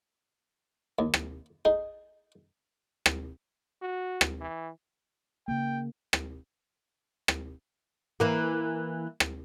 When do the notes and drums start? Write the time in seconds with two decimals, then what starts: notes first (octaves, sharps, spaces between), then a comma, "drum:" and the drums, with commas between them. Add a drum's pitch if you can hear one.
0.99 D#2
1.14 drum: rim click
1.65 D#4 G#4
3.06 drum: rim click
3.82 F#4
4.21 drum: rim click
4.41 E3
5.48 C#3 A#3 G5
6.13 drum: rim click
7.28 drum: rim click
8.20 E3 A#3
9.20 drum: rim click